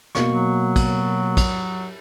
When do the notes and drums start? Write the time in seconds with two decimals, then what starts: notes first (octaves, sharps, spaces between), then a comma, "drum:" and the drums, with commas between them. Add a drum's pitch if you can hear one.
0.15 B2 A#3 C#6, drum: snare
0.29 F#3
0.76 drum: kick, cymbal
1.37 drum: kick, cymbal